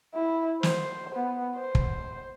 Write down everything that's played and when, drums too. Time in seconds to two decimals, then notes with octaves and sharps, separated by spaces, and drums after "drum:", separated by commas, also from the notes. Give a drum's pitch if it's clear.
0.15 E4
0.63 C5, drum: snare
1.15 B3
1.57 C5
1.75 drum: kick